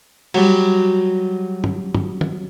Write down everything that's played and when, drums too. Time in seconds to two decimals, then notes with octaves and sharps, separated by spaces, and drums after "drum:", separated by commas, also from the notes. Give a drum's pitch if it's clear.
0.34 F#3 G3, drum: cymbal
1.64 drum: tom G2
1.95 drum: tom G2
2.21 drum: tom